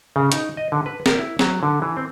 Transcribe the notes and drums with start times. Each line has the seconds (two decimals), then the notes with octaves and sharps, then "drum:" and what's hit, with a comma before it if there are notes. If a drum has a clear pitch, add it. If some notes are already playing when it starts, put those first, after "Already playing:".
0.16 C#3
0.32 D#4, drum: hi-hat
0.57 D#5
0.72 D3
0.86 B4
1.06 A#4, drum: snare
1.19 E4
1.39 F#3, drum: snare
1.63 D3
1.82 E3
1.97 C4